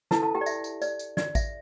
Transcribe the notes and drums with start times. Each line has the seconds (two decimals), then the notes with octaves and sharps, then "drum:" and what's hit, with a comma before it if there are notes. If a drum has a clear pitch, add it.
0.11 E4 A4 B4 A5, drum: snare
0.22 A4 A5
0.35 G4 G5
0.41 D5
0.46 E5, drum: tambourine
0.64 drum: tambourine
0.82 D5, drum: tambourine
0.99 drum: tambourine
1.17 D5, drum: snare
1.35 E5, drum: kick A1, tambourine